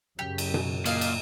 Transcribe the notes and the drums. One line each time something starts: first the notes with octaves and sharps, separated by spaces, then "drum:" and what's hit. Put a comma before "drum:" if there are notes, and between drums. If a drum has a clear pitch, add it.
F#2 C#3 G4
drum: cymbal
drum: tom B2
A#2 D#5 F5, drum: cymbal
drum: cymbal